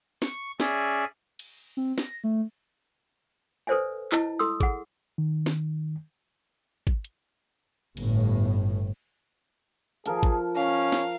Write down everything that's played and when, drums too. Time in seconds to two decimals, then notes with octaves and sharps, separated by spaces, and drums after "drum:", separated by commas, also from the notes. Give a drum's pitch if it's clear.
0.22 C#6, drum: snare
0.60 C#4 G#4 D5 E5 G#5, drum: snare
1.39 drum: cymbal
1.77 C4
1.98 A#6, drum: snare
2.24 A3
3.67 A4 B4 C5 D5 E5 G#5
4.12 E4 D#5 A5, drum: clap
4.39 A4 C6 D#6 E6
4.60 G#4 F#5, drum: kick
5.18 D#3
5.46 drum: snare
6.87 drum: kick
7.05 drum: hi-hat
7.97 G1 A2, drum: cymbal
10.06 F3 G#4 A#4 A5, drum: hi-hat
10.23 drum: kick
10.56 C#4 F5
10.92 drum: snare